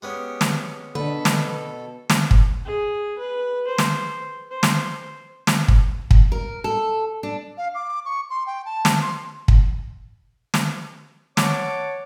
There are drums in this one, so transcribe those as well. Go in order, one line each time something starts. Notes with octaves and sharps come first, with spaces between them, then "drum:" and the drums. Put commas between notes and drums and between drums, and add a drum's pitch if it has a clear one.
G#3 B3 C#4 G4
drum: snare
B2 D3 A4 B4
drum: snare
drum: snare
drum: kick
G#4
B4
C5
drum: snare
C5
drum: snare
drum: snare
drum: kick
drum: kick
A#4
A4
D4
F5
D6
C#6
C6
G5
A5
drum: snare
C6
drum: kick
drum: snare
C#5 F#5 A5 D6, drum: snare